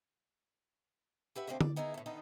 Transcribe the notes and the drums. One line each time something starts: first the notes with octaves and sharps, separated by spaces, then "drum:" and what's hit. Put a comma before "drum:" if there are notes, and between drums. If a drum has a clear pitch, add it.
G4 B4 E5 F#5
B2 D3 A3 A#3 C4
D5, drum: tom D3
B3 D#4 E4 G#4 A#4
A2 A3
D3 D#3 B3 D#4 A4